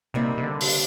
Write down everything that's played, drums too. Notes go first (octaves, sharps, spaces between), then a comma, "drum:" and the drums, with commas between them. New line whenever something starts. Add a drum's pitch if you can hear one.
C3 G3 A#3 D#4
C3
D3
drum: open hi-hat